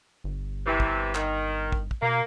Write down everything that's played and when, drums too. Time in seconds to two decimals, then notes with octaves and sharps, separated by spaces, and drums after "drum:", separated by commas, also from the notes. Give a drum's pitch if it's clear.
0.24 G1
0.66 C3 E3
0.80 drum: kick
1.15 D#3, drum: clap
1.72 drum: kick
1.91 drum: kick
2.02 B2 A#3